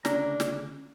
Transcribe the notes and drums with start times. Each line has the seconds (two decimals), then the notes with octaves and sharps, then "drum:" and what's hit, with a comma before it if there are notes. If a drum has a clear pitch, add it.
0.05 D2 C#3 D4 A#5, drum: snare
0.40 drum: snare